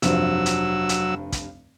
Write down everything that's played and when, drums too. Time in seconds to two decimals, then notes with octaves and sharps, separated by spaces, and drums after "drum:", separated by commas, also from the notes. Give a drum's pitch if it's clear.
0.02 F1 G2 F3 F#3 E6, drum: hi-hat
0.46 drum: hi-hat
0.89 drum: hi-hat
1.32 drum: kick, hi-hat